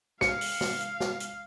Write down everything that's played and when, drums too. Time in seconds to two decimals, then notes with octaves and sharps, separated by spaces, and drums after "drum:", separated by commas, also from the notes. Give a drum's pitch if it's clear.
0.21 F5 C#7, drum: snare
0.41 drum: open hi-hat
0.61 drum: snare
0.81 drum: hi-hat
1.00 drum: snare
1.20 drum: hi-hat